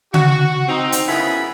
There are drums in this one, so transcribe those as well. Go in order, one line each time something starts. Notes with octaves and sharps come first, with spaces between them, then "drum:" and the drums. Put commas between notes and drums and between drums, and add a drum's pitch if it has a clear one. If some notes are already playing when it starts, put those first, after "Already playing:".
F#4, drum: tom C#3
C4 D#4
drum: hi-hat
F#2 C#3 B3 E4 G#4 B5